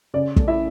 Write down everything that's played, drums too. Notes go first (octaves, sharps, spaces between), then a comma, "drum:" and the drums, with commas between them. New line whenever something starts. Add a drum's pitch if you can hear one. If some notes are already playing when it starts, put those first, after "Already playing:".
C#3 D5
A3, drum: kick
E4 E5